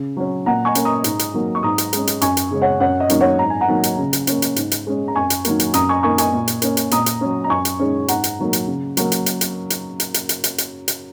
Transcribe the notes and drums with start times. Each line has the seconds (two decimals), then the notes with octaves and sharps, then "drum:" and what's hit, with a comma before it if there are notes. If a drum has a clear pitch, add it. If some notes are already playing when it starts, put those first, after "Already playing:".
Already playing: C#3
0.17 F#3 C#4
0.46 A#2 F#5 A#5
0.65 G#5 C#6
0.75 A#3 C#4, drum: hi-hat
0.85 A#5 D#6
1.04 G#2, drum: hi-hat
1.19 drum: hi-hat
1.33 D#3 F#3 A#3
1.55 C#6
1.63 G#2 A#5 D#6
1.78 drum: hi-hat
1.93 G#3 C#4, drum: hi-hat
2.07 drum: hi-hat
2.21 F#2 G#5 C#6, drum: hi-hat
2.37 drum: hi-hat
2.51 C#3 G#3 C#4
2.61 C#5 F#5
2.80 F#2 C#5 F#5
3.00 D#5
3.10 D#3 F#3 A#3 C#4, drum: hi-hat
3.20 C#5 F#5
3.39 G#2 A#5
3.50 G#5
3.61 F#5 A#5
3.68 D#3 F#3 A#3
3.83 drum: hi-hat
3.98 C#3
4.13 drum: hi-hat
4.27 A#3 C#4, drum: hi-hat
4.42 drum: hi-hat
4.56 G#2, drum: hi-hat
4.72 drum: hi-hat
4.87 G#3 C#4
5.08 A#5
5.15 F#2 G#5 C#6
5.30 drum: hi-hat
5.45 D#3 F#3 A#3, drum: hi-hat
5.60 drum: hi-hat
5.74 F#2 A#5 D#6, drum: hi-hat
5.89 G#5 C#6
6.03 D#3 A#3 G#5 C#6
6.18 G#5 C#6, drum: hi-hat
6.33 A#2
6.48 drum: hi-hat
6.62 A#3 C#4, drum: hi-hat
6.77 drum: hi-hat
6.91 A#2 A#5 D#6, drum: hi-hat
7.06 drum: hi-hat
7.21 F#3 C#4
7.44 A#5
7.50 F#2 G#5 C#6
7.65 drum: hi-hat
7.79 D#3 G#3 C#4
8.08 G#2 F#5 A#5, drum: hi-hat
8.24 drum: hi-hat
8.39 D#3 F#3 A#3
8.53 drum: hi-hat
8.68 C#3
8.97 F#3 A#3, drum: hi-hat
9.12 drum: hi-hat
9.26 drum: hi-hat
9.41 drum: hi-hat
9.70 drum: hi-hat
10.00 drum: hi-hat
10.14 drum: hi-hat
10.29 drum: hi-hat
10.44 drum: hi-hat
10.58 drum: hi-hat
10.88 drum: hi-hat